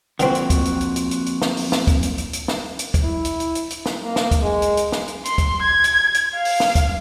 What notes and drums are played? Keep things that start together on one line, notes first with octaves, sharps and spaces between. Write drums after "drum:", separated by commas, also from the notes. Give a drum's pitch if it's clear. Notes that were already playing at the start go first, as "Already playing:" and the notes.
F2 A#2 D3 C4 F#4, drum: hi-hat
drum: hi-hat
drum: kick, hi-hat
drum: hi-hat
drum: hi-hat
drum: hi-hat
drum: hi-hat
drum: hi-hat
drum: snare
drum: open hi-hat
drum: snare
drum: kick, hi-hat
drum: hi-hat
drum: hi-hat
drum: hi-hat
drum: snare
drum: hi-hat
drum: kick, hi-hat
E4
drum: hi-hat
drum: hi-hat
drum: hi-hat
drum: hi-hat
drum: snare
A#3
drum: snare
drum: kick, hi-hat
G#3
drum: hi-hat
drum: hi-hat
drum: snare
drum: hi-hat
C6, drum: hi-hat
drum: kick, hi-hat
G#6
drum: hi-hat
drum: hi-hat
F5
drum: open hi-hat
drum: snare
drum: kick, hi-hat